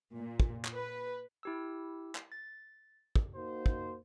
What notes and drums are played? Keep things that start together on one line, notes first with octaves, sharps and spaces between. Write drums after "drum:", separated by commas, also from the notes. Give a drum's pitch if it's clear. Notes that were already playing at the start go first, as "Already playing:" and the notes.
A#2
drum: kick
drum: clap
B4
E4 G4 E6
drum: clap
A6
drum: kick
A#3 D#4 F#4 C5
drum: kick